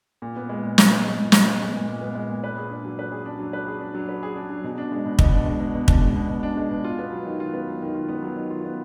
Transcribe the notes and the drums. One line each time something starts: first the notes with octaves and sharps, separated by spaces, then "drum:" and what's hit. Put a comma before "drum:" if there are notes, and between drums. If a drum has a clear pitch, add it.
A#2
B3
G#3
A#2
A#2, drum: snare
B3
G#3
A#2
A#2, drum: snare
B3
G#3
A#2
A#2
B3
G#3
A#2
B4
G#4
D4
F#3
B4
G#4
D4
F#3
B4
G#4
D4
F#3
B4
G#4
D4
F#3
B2
D4
G#3
B2
B2, drum: kick
D4
G#3
B2
B2
D4, drum: kick
G#3
B2
B2
D4
G#3
B2
F4
B3
F#3
D#3
F4
B3
F#3
D#3
F4
B3
F#3
D#3
F4
B3